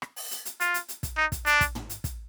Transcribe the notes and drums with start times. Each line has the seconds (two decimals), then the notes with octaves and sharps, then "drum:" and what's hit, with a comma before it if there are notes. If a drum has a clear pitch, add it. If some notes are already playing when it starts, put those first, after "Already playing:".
0.02 drum: rim click
0.16 drum: open hi-hat
0.31 drum: hi-hat
0.45 drum: hi-hat
0.60 F4, drum: hi-hat
0.74 drum: hi-hat
0.89 drum: hi-hat
1.03 drum: kick, hi-hat
1.17 D#4
1.32 drum: kick, hi-hat
1.46 D4, drum: hi-hat
1.61 drum: kick, hi-hat
1.75 drum: tom
1.90 drum: hi-hat
2.04 drum: kick, hi-hat